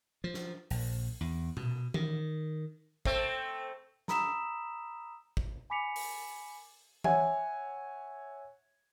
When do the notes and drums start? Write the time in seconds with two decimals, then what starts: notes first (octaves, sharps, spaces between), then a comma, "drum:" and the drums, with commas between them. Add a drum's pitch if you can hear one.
0.24 F3
0.34 drum: snare
0.70 A#1, drum: open hi-hat
1.21 E2
1.57 B2, drum: tom A#2
1.94 D#3, drum: tom E3
3.05 A3 C4, drum: kick
4.08 A#5 B5 D#6 E6 B6 E7, drum: snare
5.37 drum: kick
5.70 G#5 B5 D6 B6 C#7 F7
5.96 drum: open hi-hat
7.04 C#5 E5 F#5 G#5, drum: tom E3